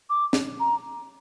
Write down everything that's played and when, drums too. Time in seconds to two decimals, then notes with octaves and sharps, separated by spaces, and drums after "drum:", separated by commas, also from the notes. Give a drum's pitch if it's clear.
0.10 D6
0.33 drum: snare
0.60 A#5